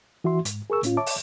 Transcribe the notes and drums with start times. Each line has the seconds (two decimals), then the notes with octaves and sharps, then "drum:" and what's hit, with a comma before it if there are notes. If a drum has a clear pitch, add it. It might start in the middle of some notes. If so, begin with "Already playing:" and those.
0.24 E3 F#4 E5 C6
0.45 G#2, drum: hi-hat
0.70 G#4 A#4 C#6 E6
0.83 A2 C#4 F4, drum: hi-hat
0.97 C#5 E5 A5 D6
1.06 drum: open hi-hat